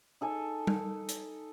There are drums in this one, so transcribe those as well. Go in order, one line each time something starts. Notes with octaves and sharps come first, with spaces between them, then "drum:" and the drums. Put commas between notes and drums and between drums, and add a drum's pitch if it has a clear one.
D#4 A4 G#5
drum: tom G3
drum: hi-hat